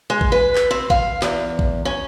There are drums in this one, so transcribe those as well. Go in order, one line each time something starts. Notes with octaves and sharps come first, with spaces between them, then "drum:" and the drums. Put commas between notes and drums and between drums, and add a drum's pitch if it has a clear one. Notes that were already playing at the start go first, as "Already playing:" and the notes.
G#3
drum: kick A#1
B4
drum: clap
C4
F5, drum: kick A#1
E2, drum: clap
drum: kick A#1
C#4